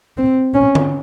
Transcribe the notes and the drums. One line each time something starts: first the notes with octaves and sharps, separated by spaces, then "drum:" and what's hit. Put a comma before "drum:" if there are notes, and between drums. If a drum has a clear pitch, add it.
C4
C#4
drum: tom D3